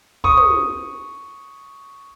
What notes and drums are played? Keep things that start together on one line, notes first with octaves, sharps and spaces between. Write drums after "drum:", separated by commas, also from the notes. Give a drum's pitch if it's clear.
C#6 D#6, drum: kick
drum: tom